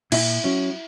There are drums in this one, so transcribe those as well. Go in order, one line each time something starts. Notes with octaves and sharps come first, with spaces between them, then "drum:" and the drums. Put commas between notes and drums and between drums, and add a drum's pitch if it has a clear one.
A#2 E4, drum: cymbal
F#3 C#4